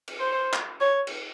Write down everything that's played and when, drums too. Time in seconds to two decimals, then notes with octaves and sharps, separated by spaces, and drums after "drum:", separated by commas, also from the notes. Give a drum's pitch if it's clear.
0.08 drum: cymbal
0.20 C5
0.53 drum: clap
0.80 C#5
1.07 drum: cymbal